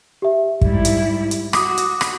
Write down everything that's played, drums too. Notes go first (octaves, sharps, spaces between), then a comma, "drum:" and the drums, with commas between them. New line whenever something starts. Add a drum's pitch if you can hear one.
G4 E5
G#2 G3 E4, drum: kick
drum: hi-hat
drum: hi-hat
F#4 D6 D#6, drum: rim click
drum: hi-hat
drum: rim click